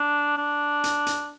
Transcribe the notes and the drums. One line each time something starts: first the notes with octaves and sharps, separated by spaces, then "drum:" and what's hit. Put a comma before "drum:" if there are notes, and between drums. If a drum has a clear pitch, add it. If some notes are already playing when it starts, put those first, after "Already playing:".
Already playing: D4
D4
drum: hi-hat
drum: hi-hat